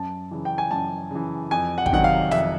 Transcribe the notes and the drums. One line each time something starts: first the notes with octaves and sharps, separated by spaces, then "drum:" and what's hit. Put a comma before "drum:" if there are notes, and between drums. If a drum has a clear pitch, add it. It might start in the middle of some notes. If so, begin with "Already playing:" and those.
Already playing: F#2 A5
C#3 E3
G5
G#5
F#2 A5
C#3 E3
F2 G#5
F#5
G5, drum: kick
C3 D#3 F#3 F#5
F5
F2 E5, drum: snare